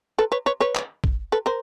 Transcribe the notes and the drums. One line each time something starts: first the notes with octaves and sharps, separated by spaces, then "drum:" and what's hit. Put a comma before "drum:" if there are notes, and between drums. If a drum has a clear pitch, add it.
A4 B4
B4 C#5
B4 C#5
B4 C#5
drum: clap
drum: kick A#1
A4 B4
A#4 C5